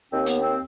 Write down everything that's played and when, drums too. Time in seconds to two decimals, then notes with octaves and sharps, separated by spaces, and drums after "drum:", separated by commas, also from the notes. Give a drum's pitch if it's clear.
0.12 D#2 C4
0.26 B3, drum: hi-hat
0.39 C4